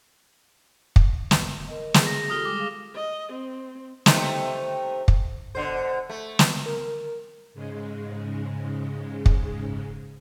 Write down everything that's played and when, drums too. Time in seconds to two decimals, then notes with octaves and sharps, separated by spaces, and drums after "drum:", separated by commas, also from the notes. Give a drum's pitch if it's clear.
0.96 drum: kick
1.31 drum: snare
1.68 A#4 D#5
1.94 G#4, drum: snare
2.07 A#6
2.30 F4 G4 A4 D#6 F6 G7
2.45 G3 G#3 D6
2.57 G#4 F5
2.96 D#5
3.33 C4
4.06 C3 A3 D#4, drum: snare
5.08 drum: kick
5.55 B2 D3 C5
6.10 A3
6.39 drum: snare
6.66 A#4
7.54 G#2 C#3 G#3
9.26 drum: kick